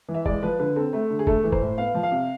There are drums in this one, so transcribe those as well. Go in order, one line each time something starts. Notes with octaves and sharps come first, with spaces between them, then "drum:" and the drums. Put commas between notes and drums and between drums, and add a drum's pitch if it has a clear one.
E3
E5
G#3 D5, drum: kick E1
F3 B4
D3 B4
C4 A4
A3
D3
G#4
A3 A4, drum: kick E1
E3
C5, drum: kick E1
A2
B3 F5
F3
F5
C3